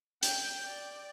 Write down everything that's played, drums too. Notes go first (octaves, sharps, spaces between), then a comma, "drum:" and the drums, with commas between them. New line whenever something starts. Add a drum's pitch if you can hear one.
G5, drum: hi-hat
D5